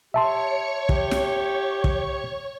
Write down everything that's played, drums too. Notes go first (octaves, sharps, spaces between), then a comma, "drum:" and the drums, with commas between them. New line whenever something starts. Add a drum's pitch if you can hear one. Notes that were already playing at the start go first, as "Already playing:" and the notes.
G4 C#5 E5 A5 C6 C#6
G4, drum: kick
drum: snare
drum: kick